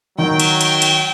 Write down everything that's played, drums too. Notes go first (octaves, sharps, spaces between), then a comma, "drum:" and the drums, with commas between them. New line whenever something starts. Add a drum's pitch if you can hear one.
D#3 F#3 G5
drum: cymbal
drum: cymbal
drum: cymbal